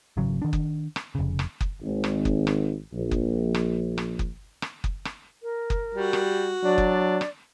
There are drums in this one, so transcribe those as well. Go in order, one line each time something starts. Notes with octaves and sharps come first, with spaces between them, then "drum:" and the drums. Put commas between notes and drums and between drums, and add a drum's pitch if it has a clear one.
G#1 C#3 F#3
D#3 D4
drum: kick F#1
drum: rim click
F1 C#3
drum: rim click
drum: kick F#1
G#1
drum: rim click
drum: kick F#1
drum: rim click
A#1
drum: kick F#1
drum: rim click
drum: rim click
drum: kick F#1
drum: rim click
drum: kick F#1
drum: rim click
A#4
drum: kick F#1
G3 F#4
drum: rim click
F#3 D4 D5
drum: kick F#1
drum: rim click